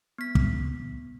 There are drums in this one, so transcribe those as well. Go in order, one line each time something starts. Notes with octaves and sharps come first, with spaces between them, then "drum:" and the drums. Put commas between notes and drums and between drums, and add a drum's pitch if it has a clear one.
B3 B6
drum: kick